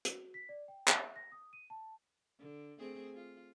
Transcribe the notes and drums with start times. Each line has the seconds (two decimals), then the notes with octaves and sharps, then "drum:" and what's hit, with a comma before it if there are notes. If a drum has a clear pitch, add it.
0.05 F#4, drum: hi-hat
0.34 B6
0.49 D5
0.68 G5
0.88 E5, drum: clap
1.16 A#6
1.32 D#6
1.53 D#7
1.70 A5
2.39 D3
2.79 A3 C4 G#4
3.15 F4